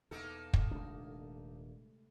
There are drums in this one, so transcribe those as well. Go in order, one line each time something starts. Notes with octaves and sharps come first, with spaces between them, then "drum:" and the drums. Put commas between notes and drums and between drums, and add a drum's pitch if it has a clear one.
E2 B2 A#3 D#4 A4
drum: kick
D#1 C3 G#3 A3 D4